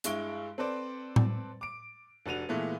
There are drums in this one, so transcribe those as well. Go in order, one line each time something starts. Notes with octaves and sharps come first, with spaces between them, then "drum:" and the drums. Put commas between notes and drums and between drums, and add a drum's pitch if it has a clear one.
G2 G#3 E4 C#6 D7 G7, drum: hi-hat
C4 A4 B4 C5 D5
drum: tom A2
D6 D7
F1 D4 F#4 D#7 F7
A#2 E3 G#3 A3 B3